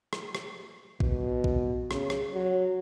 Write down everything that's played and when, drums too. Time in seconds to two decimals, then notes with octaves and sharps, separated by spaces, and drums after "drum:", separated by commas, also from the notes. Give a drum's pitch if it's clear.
0.13 drum: rim click
0.35 drum: rim click
1.00 B2, drum: kick
1.44 drum: kick
1.91 C#3, drum: rim click
2.10 drum: rim click
2.33 F#3